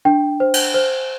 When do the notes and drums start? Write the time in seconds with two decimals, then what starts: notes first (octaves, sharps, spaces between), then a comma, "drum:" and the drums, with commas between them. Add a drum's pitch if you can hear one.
0.05 D4 G5
0.40 C5
0.54 drum: cymbal
0.74 C5